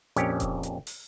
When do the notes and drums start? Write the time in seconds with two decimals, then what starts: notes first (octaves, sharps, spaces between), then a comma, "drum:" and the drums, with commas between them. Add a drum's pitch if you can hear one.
0.16 A#1 F2 C#4 G4, drum: hi-hat
0.40 drum: kick D#1, hi-hat
0.63 drum: hi-hat
0.87 drum: open hi-hat